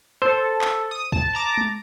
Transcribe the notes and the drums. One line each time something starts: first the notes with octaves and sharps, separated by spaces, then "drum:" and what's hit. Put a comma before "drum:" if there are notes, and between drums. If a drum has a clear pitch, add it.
A4 C5
drum: clap
D#6
A5, drum: kick
A5 A#5 D6
drum: tom